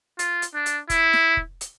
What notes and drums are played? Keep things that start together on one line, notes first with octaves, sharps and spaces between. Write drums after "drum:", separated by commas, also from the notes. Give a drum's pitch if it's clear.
F4, drum: hi-hat
drum: hi-hat
D4
drum: hi-hat
E4, drum: kick, hi-hat
drum: snare
drum: kick
drum: hi-hat